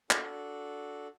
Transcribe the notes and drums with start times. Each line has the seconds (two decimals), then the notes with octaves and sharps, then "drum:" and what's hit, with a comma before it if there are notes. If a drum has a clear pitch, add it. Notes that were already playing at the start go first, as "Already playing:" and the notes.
0.10 D4 F#4 A4, drum: clap